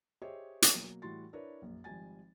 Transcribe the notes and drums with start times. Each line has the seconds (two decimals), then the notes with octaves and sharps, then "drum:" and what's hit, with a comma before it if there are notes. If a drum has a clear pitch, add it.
0.22 G4 G#4 C5 C#5 D#5 E5
0.62 drum: hi-hat
0.73 B2 F#3 A#3
1.02 A2 E3 G3 F#4 C6 A6
1.33 D4 E4 A#4 B4 C#5
1.62 A#1 F#2 A#2
1.84 G#1 F3 G3 G#5 A6